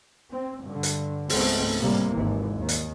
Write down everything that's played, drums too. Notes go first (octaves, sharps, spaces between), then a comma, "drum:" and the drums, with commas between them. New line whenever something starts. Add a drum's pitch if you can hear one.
C4
G2 D3
drum: hi-hat
C#2 G#2 G#3 A3 B3 C4, drum: open hi-hat
A2 C3 G3 A#3
G#1 D#2 E3
D#2 D#3
drum: hi-hat